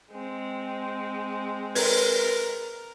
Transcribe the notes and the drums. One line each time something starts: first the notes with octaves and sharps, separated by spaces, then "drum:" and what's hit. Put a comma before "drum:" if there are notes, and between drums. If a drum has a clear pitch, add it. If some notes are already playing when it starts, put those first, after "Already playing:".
G#3 C4
A#4 B4, drum: open hi-hat